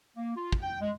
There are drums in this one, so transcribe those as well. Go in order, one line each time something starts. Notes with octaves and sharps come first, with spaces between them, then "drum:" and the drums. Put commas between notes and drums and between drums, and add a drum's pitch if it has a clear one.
A#3
F4
drum: kick
G5
G#3